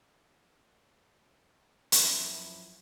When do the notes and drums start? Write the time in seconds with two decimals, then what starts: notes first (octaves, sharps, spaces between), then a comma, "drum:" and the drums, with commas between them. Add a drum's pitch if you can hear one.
1.92 F#2 F3 E4 C6, drum: hi-hat